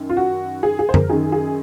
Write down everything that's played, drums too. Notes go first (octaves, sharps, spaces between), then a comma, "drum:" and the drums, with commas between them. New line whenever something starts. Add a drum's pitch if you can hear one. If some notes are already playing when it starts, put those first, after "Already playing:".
Already playing: F#2 D#3
F4
F#4
G#4
G#4
C5
A#4, drum: tom F#2
F#2 D#3 G#4
G#4